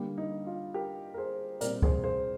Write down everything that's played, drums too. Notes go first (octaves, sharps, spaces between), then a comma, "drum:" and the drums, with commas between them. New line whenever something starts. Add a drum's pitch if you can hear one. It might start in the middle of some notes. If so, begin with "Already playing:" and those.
Already playing: D3 G3 A#3
D#4
F4
G4 A#4
A#4
G#4 C5
A#2 G3 C4 A#4 D5, drum: hi-hat
G#4 C5, drum: kick C#2
G#4 C5